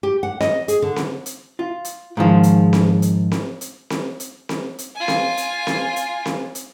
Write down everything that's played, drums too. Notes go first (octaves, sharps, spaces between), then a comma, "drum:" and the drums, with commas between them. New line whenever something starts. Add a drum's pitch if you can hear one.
G4
F#5
D#5, drum: snare C4
G#4, drum: hi-hat
D3
drum: snare C4
drum: hi-hat
F4
drum: hi-hat
G#2 D#3 F3 G#3
drum: hi-hat
drum: snare C4
drum: hi-hat
drum: snare C4
drum: hi-hat
drum: snare C4
drum: hi-hat
drum: snare C4
drum: hi-hat
F4 G#5
drum: snare C4
drum: hi-hat
drum: snare C4
drum: hi-hat
drum: snare C4
drum: hi-hat